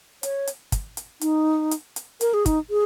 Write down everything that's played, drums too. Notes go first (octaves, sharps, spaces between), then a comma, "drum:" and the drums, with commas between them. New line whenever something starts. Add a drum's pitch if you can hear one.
C#5, drum: hi-hat
drum: hi-hat
drum: kick, hi-hat
drum: hi-hat
D#4, drum: hi-hat
drum: hi-hat
drum: hi-hat
A#4, drum: hi-hat
G#4
D#4, drum: kick, hi-hat
G#4